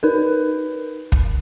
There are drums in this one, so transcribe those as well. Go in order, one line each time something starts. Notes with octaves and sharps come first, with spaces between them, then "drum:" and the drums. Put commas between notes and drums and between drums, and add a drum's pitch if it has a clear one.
D#4 A#4 B4
drum: kick